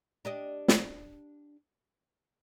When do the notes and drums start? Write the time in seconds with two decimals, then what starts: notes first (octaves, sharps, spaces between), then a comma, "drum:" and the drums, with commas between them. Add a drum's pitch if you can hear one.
0.25 D4 G4 D#5
0.68 drum: snare